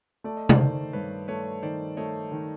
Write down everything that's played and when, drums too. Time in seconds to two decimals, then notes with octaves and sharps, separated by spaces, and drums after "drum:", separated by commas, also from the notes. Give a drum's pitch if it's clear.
0.24 A3 D5
0.37 D#5
0.49 C5 D5, drum: tom C3
0.59 D#3
0.93 G2 B4 C#5
1.28 A3 B4 C#5
1.62 D#3 C5 D5
1.97 A3 C#5 D#5
2.32 D#3